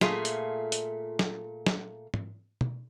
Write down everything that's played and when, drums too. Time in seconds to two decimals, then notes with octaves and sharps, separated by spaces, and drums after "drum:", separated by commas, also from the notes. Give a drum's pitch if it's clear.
0.01 A#2 A3 F4 G#4, drum: snare
0.25 drum: hi-hat
0.72 drum: hi-hat
1.19 drum: snare
1.66 drum: snare
2.14 drum: tom
2.61 drum: tom